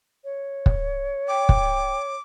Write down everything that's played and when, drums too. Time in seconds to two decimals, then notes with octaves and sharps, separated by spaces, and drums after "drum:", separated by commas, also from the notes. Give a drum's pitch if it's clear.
0.24 C#5
0.66 drum: kick
1.28 G5 D6
1.49 drum: kick